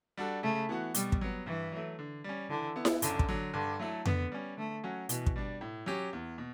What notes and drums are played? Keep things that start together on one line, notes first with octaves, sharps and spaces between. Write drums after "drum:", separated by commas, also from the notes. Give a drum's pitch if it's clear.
G3 D4 F#4 A4
C#3 A3
E3 B3 F#4
B2 G3, drum: hi-hat
drum: kick
F#3 B3
G2 E3
F#3 A3
D3
G3 C#4
D3 E3
B3 E4
drum: snare E4
F#2 D3, drum: hi-hat
drum: kick
D3 F#3
G2 D3
F#3 A3 E4 A4
D3 B3, drum: tom F2
G3 C#4
D3 A3
F#3 C#4 F#4
B2 E3, drum: hi-hat
drum: kick
G3 D4
A2
F#3 C#4 G4
E2
B2